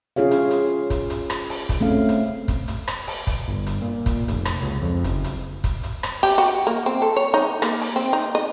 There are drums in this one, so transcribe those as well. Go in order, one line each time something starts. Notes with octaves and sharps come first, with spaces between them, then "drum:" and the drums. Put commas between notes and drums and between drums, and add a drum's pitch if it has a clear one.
C#4 F4 G#4 C#5 F5
drum: hi-hat
drum: hi-hat
drum: kick, hi-hat
drum: hi-hat
drum: rim click
drum: open hi-hat
drum: kick, hi-hat
A3 C4 C#4 F5
drum: hi-hat
drum: kick, hi-hat
drum: hi-hat
drum: rim click
drum: open hi-hat
drum: kick, hi-hat
G1
drum: hi-hat
A#2
drum: kick, hi-hat
F1, drum: hi-hat
drum: rim click
C#2
F2
F#1, drum: hi-hat
drum: hi-hat
drum: kick, hi-hat
drum: hi-hat
drum: rim click
G4, drum: open hi-hat
F#4
A#3
C4
A4
C#5
D#4
A#3, drum: rim click
drum: open hi-hat
C4
D#4
D#5